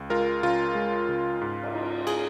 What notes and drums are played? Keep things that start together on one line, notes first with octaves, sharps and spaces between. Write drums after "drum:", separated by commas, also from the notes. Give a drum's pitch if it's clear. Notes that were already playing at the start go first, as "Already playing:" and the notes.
Already playing: C#2
G#3 F4 A#4
C#3 F4
G#3
C#3
G#2
drum: cymbal
D#4
G#4, drum: cymbal